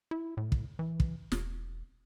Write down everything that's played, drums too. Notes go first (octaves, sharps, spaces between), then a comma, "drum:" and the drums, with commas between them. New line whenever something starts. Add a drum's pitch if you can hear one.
E4
A2
drum: kick
E3
drum: kick
E1, drum: snare